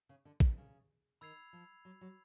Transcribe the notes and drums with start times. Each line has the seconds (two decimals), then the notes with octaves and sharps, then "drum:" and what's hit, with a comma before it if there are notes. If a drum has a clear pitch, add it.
0.09 C#3
0.25 D3
0.40 D3, drum: kick
0.58 C#3
1.21 D#3 B5 E6 G#6 C7 F7
1.53 F3
1.85 F#3
2.01 F#3